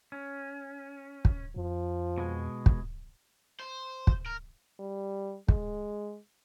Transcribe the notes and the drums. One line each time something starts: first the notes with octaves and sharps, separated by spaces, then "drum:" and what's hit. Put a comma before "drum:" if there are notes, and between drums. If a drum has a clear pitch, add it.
C#4
drum: kick
F2 F3
B2 G#3
drum: kick
C5
drum: kick
A#4
G3
G#3, drum: kick